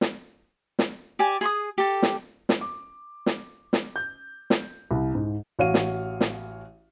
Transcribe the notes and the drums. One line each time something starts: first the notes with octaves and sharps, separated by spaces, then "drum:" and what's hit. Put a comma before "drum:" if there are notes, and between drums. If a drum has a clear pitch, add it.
drum: snare
drum: snare
G4 D5 G#5
G#4 C6 D#6
G4 A4
drum: snare
drum: snare
D6
drum: snare
drum: snare
G6
drum: snare
C2
G#2
A1 F#4 C#5 F5 D#7
drum: snare
drum: snare